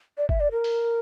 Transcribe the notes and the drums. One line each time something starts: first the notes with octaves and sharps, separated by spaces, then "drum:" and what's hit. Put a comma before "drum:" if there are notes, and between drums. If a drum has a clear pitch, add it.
D5
E5, drum: kick F#1
D5
A#4
drum: open hi-hat